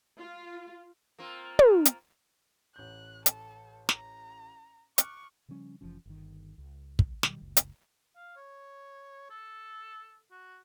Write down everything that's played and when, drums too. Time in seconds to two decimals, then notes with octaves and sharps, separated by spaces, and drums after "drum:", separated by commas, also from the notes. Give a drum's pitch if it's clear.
0.19 F4
1.19 A#3 C4 F4
1.59 drum: tom
1.85 drum: hi-hat
2.76 A1 F#6 G6
3.26 A4, drum: hi-hat
3.89 A#5, drum: snare
4.98 C#6 D6 F6 F#6, drum: hi-hat
5.48 C#3 F3 G3 C#4
5.81 F1 E3 F3 C#4
6.06 G1 D#3
6.58 C#2
6.99 drum: kick
7.23 B2 D#3 F#3 G3, drum: snare
7.41 F#1 C#2
7.57 drum: hi-hat
8.16 F5
8.36 C#5
9.30 A4
10.31 F#4